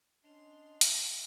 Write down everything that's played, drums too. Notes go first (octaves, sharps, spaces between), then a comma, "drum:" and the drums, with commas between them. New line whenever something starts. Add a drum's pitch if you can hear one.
C#4 D4 D#5 C6 F7
E5 G5, drum: hi-hat